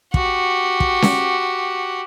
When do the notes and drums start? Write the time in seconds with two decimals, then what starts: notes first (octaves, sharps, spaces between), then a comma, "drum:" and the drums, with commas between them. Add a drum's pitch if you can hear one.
0.14 F#4 G4, drum: kick
0.80 drum: kick
1.02 drum: snare C#4